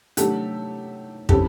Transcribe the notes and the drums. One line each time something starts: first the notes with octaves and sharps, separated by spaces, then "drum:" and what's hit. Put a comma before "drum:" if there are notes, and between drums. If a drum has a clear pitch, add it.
C3 D#3 F#3 A3 D4 G4 A4, drum: hi-hat
C#3 E3 G3 C4 G4 A4, drum: kick